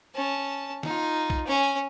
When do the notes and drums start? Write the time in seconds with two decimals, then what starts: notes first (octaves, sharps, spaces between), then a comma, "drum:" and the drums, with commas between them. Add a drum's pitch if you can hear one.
0.15 C#4 A5
0.83 D#4 F4, drum: snare
1.30 drum: kick
1.46 C#4 G#5